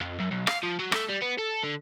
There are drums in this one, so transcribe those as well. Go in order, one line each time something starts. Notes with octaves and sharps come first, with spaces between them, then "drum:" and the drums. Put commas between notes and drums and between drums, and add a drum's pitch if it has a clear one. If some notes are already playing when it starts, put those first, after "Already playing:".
F2
F#2
B1
F5, drum: rim click
F3
F#3
A3, drum: rim click
G3
B3
A4
D3